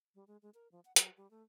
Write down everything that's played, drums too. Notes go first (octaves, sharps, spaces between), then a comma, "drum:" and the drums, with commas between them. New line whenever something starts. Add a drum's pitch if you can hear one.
G3
G#3
G#3
A#4
F3
F#5
F#3, drum: hi-hat
G3
A3